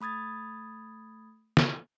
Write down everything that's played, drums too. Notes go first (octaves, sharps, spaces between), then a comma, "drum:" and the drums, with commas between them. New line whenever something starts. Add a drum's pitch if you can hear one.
A3 B5 D#6 G#6 A6
drum: snare